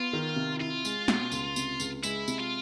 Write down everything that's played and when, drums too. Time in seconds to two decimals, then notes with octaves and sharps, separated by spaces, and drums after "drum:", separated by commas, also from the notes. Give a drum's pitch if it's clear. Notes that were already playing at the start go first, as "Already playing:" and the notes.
Already playing: B3 F4
0.13 D#3
0.36 C3
0.60 E4 F4
0.85 G#3, drum: tambourine
1.08 B2, drum: snare
1.32 C#2, drum: tambourine
1.56 C3, drum: tambourine
1.80 C#2, drum: tambourine
2.03 G#3 E4, drum: tambourine
2.28 C3, drum: tambourine
2.40 F4